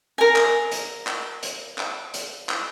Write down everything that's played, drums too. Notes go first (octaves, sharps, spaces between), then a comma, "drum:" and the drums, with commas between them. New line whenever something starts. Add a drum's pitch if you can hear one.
A#4 G#5
drum: clap
drum: hi-hat
drum: clap
drum: hi-hat
drum: clap
drum: hi-hat
drum: clap